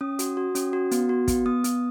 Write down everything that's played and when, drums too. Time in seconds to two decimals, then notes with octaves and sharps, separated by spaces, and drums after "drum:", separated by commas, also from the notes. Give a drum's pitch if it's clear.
0.01 C#4 D#6
0.19 F#4, drum: hi-hat
0.37 F#4
0.55 C#4, drum: hi-hat
0.73 F#4
0.91 B3, drum: hi-hat
1.09 F#4
1.28 B3, drum: kick, hi-hat
1.46 B3 D#6
1.64 B3, drum: hi-hat